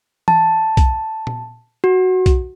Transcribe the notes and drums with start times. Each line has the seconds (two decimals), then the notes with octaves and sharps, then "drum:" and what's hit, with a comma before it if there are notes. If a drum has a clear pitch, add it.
0.28 A5, drum: tom E3
0.77 drum: kick, hi-hat
1.27 drum: tom A#2
1.84 F#4
2.26 drum: kick, hi-hat